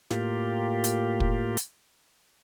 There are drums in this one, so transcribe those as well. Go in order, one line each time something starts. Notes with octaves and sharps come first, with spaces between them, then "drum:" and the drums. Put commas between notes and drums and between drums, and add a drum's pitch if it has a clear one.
A2 A#3 F4 G4, drum: snare
drum: hi-hat
drum: kick
drum: hi-hat